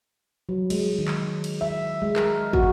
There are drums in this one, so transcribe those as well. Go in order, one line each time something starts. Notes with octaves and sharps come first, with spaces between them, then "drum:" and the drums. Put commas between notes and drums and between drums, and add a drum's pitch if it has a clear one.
F#3
G#3, drum: cymbal
D#3
drum: clap
drum: cymbal
E5
G#3
A#4, drum: clap
F#4, drum: kick